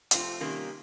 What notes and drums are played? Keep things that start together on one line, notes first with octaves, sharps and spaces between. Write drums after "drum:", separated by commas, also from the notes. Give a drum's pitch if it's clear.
C3 F3 A3 C4 F4, drum: hi-hat
C3 D#3 G3 A#3 C#4